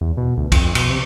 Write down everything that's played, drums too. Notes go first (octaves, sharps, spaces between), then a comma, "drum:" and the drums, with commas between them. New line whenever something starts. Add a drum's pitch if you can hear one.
E2
B2
D2
F2, drum: kick, cymbal
B2, drum: cymbal
C3